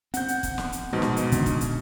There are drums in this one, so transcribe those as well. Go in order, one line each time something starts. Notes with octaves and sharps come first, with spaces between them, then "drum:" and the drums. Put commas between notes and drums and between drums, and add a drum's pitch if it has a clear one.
C4 F#5 G6, drum: hi-hat
drum: hi-hat
drum: kick, hi-hat
drum: snare
drum: hi-hat
D#1 G#2 B2 F3 B3 D#4
drum: snare
drum: hi-hat
A#2 D3 D4, drum: hi-hat
drum: kick, hi-hat
drum: hi-hat